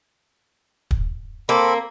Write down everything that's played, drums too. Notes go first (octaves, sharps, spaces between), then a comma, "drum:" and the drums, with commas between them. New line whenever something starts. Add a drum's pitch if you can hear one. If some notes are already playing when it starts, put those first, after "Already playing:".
drum: kick
A#3 C4 A4 B5